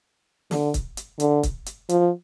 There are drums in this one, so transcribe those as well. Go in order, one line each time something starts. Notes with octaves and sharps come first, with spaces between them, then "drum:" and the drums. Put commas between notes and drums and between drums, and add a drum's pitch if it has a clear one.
D3, drum: snare
drum: kick C#1, hi-hat
drum: hi-hat
D3, drum: hi-hat
drum: kick C#1, hi-hat
drum: hi-hat
F3, drum: hi-hat